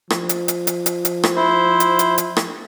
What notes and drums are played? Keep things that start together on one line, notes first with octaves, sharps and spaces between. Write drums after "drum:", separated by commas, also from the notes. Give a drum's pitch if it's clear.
F3, drum: rim click
drum: hi-hat
drum: hi-hat
drum: hi-hat
drum: hi-hat
drum: hi-hat
drum: rim click
E4 C5
drum: hi-hat
drum: hi-hat
drum: hi-hat
drum: rim click